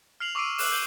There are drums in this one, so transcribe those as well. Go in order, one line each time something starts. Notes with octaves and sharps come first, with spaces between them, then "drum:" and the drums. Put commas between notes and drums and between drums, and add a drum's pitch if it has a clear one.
F6 C7 F7 F#7
C#6 D6 E6 C7 D7 D#7
E6 F#6 E7, drum: open hi-hat
G6 F#7 G7